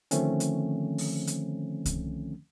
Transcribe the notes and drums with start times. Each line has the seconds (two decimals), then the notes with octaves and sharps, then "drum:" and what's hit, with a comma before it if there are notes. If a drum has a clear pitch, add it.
0.11 D3 D#3 F3 A3 C4 C#4, drum: hi-hat
0.40 drum: hi-hat
0.98 drum: open hi-hat
1.27 drum: hi-hat
1.86 drum: kick C2, hi-hat